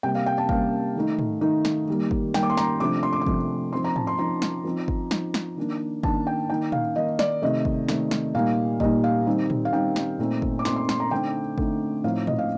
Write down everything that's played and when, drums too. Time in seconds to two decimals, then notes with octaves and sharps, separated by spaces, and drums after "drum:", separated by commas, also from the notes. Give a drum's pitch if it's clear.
0.03 C3 G3 A#3 G5
0.15 F5
0.26 G5
0.38 A5
0.49 C3 G3 A#3 F5, drum: kick G1
0.95 D#3 A3 D#4
1.19 drum: tom
1.41 D#3 A3 D#4
1.65 drum: snare
1.88 D#3 G3 A#3
2.11 drum: kick G1
2.34 D#3 G3 A#3 G5, drum: snare
2.43 D6
2.50 C6
2.57 A#5, drum: snare
2.80 C3 F3 A3 D4 D6
3.03 C6
3.13 D6
3.21 C6
3.27 C3 F3 A3 D4, drum: kick G1
3.73 F3 C4 D#4 C6
3.84 A#5
3.96 A5, drum: tom
4.07 C6
4.19 F3 C4 D#4 A#5
4.42 drum: snare
4.65 F3 C4 D#4
4.88 drum: kick G1
5.11 F3 C4 D#4, drum: snare
5.34 drum: snare
5.57 D#3 A#3 D4
6.03 D#3 A#3 D4 A5, drum: kick G1
6.27 G5
6.50 D#3 A#3 D#4 G5
6.72 F5, drum: tom
6.96 D#3 A#3 D#4 D#5
7.19 D5, drum: snare
7.42 C3 D#3 A3 D#5
7.65 drum: kick G1
7.89 C3 D#3 A3, drum: snare
8.11 drum: snare
8.35 A#2 G3 A#3 D#4 F5
8.80 A#2 G3 A#3 D#4 D#5, drum: kick G1
9.04 F5
9.27 D#3 G3 C4 D#4
9.50 drum: tom
9.65 F5
9.73 D#3 G3 C4 D#4 G5
9.96 drum: snare
10.19 A#2 A3 C4 D#4
10.42 drum: kick G1
10.59 D6
10.65 A#2 A3 C4 D#4 C6, drum: snare
10.76 C6
10.89 C6, drum: snare
11.00 A#5
11.11 D3 A3 C4 D#4 G5
11.58 D3 A3 C4 D#4, drum: kick G1
12.04 A2 F3 C4 D#4 F5
12.27 D#5, drum: tom
12.38 F5